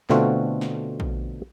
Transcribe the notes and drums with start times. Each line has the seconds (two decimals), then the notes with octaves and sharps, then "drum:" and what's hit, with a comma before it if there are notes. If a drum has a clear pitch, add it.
0.10 B2 D3 A3 C4 F4 F#4, drum: clap
0.61 drum: snare
1.00 drum: kick A#1